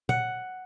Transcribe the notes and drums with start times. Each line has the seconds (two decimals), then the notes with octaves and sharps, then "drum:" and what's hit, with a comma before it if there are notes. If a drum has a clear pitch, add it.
0.09 F#5, drum: tom A#2